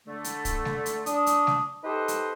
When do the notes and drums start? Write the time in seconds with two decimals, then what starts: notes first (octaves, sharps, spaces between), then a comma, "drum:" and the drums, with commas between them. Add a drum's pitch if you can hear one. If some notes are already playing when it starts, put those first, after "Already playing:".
0.07 D3 A3
0.24 drum: hi-hat
0.45 drum: kick, hi-hat
0.65 drum: snare G3
0.86 drum: hi-hat
1.06 D4 D#6, drum: hi-hat
1.26 drum: hi-hat
1.47 drum: snare G3
1.84 D#4 G4 A4 B4 C5 D#5
2.08 drum: hi-hat